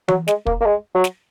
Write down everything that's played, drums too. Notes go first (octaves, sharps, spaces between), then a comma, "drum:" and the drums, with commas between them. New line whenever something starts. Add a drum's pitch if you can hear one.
F#3, drum: tom E3
G#3, drum: snare
A#3, drum: kick
A#3
G#3
F#3
drum: snare